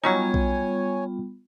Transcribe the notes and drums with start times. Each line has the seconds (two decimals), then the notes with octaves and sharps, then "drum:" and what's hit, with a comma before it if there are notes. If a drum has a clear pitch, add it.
0.04 F#3 G3 B3 C#4 D#4 F4 C#5 G#5
0.34 drum: kick B1